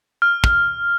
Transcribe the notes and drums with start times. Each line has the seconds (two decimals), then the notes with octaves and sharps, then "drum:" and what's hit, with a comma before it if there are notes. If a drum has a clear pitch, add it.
0.22 F6
0.44 drum: kick